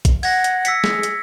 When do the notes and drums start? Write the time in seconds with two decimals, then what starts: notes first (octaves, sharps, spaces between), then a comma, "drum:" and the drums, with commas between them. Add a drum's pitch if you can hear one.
0.05 drum: kick A#1, hi-hat
0.23 F#5 G#6 A#6, drum: open hi-hat
0.44 drum: hi-hat
0.65 E6 B6 C#7, drum: hi-hat
0.84 G#4, drum: snare
1.03 drum: hi-hat